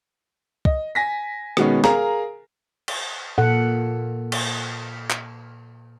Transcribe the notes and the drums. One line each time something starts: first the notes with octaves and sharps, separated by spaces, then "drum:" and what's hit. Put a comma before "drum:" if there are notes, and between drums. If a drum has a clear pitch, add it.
D#5, drum: kick
G#5 A#6 B6
B2 D#3 G#3 B3 C#4, drum: rim click
G#4 A#4 F5 G#5 A#5, drum: snare
drum: cymbal
A#2 A4 F#5
drum: cymbal
drum: clap